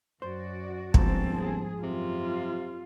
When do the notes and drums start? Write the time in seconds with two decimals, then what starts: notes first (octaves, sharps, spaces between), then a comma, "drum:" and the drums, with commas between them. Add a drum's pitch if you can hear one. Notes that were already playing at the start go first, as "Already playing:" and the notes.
0.22 F#2 F#4 C5 D5
0.94 G1 G#2 F3 C4 A5, drum: kick
1.35 G#4
1.83 F#2 C3 F4